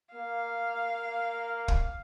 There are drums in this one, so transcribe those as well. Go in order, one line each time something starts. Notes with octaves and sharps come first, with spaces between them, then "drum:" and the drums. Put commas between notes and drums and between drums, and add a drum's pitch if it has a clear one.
A#3 F5
drum: kick